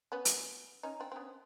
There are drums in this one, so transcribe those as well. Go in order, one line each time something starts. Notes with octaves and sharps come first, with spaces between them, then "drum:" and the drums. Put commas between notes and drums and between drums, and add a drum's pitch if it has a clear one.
B3 C#4
drum: hi-hat
C#4 D#4
C4 D4
C4
B3 C#4